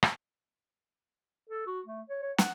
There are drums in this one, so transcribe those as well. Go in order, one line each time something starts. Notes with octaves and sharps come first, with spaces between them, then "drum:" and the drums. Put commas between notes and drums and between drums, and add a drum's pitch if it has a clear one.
drum: rim click
A4
F#4
A3
C#5
C#5
F#5, drum: snare